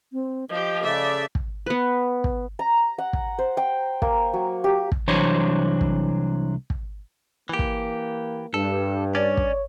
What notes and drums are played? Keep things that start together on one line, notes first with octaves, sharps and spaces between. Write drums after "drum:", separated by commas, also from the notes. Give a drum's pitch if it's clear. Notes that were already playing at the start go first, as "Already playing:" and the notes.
C4
F3 G4 D#5
C#3 A3 D5 E5
drum: kick
B3 B4
drum: kick
A#5
F#5
drum: kick
C5
G5
A#3, drum: kick
F#3
G4
drum: kick
C2 E3 F#3 D4 C5 C#5
drum: kick
drum: kick
E3 A#3 G4
drum: kick
G2 A4
C#4 C#5 D5
drum: kick